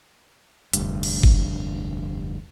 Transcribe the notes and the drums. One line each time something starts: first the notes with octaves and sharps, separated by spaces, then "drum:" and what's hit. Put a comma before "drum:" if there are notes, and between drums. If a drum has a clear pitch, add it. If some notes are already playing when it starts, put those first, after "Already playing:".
F1 D2 G2, drum: hi-hat
drum: cymbal
drum: kick